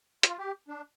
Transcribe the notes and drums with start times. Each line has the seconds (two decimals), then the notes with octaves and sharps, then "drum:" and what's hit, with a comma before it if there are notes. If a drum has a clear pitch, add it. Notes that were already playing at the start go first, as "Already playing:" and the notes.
0.23 F4, drum: hi-hat
0.38 G4
0.68 D4